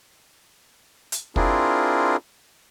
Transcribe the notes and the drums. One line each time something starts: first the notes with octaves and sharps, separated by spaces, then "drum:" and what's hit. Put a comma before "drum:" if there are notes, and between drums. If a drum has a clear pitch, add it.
drum: hi-hat
C4 D4 E4 F4 G#4 A#4, drum: kick